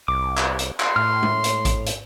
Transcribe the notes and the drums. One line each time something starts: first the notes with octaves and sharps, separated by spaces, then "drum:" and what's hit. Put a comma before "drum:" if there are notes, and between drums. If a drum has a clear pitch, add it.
C2 D6
drum: clap
drum: hi-hat
C6, drum: clap
A2 F6
drum: tom G#3
drum: hi-hat
drum: kick A1, hi-hat
drum: hi-hat